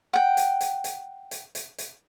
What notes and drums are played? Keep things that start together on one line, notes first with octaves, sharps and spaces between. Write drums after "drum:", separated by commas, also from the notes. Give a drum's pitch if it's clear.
F#5 G5
drum: hi-hat
drum: hi-hat
drum: hi-hat
drum: hi-hat
drum: hi-hat
drum: hi-hat